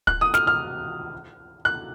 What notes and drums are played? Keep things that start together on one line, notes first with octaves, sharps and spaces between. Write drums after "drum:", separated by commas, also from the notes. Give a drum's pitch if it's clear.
F#6, drum: kick
D#6
F6, drum: snare
F6
F#6